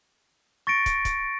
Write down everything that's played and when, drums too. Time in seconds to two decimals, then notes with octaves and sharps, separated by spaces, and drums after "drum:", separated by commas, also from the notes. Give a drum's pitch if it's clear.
0.67 C#6 A6 A#6 C#7 D7
0.86 drum: kick, hi-hat
1.05 drum: kick, hi-hat